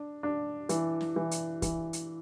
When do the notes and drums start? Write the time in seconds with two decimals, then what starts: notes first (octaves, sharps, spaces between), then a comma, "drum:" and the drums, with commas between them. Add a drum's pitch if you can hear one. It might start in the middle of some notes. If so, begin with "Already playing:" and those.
Already playing: D4
0.23 D4
0.69 E3, drum: hi-hat
1.01 drum: snare
1.16 E3
1.31 drum: hi-hat
1.62 E3, drum: kick, hi-hat
1.93 drum: hi-hat